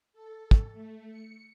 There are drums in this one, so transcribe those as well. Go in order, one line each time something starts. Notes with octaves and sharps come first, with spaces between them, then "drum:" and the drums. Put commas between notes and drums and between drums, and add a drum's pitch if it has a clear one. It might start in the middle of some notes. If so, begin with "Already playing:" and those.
A4
drum: kick
A3
C#7